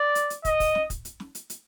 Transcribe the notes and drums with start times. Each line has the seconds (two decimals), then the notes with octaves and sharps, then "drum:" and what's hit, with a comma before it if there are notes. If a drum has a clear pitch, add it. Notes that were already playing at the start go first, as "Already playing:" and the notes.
Already playing: D5
0.15 drum: hi-hat
0.30 drum: hi-hat
0.45 D#5, drum: kick, hi-hat
0.60 drum: kick, open hi-hat
0.75 drum: snare
0.90 drum: kick, hi-hat
1.05 drum: hi-hat
1.20 drum: snare
1.35 drum: hi-hat
1.50 drum: hi-hat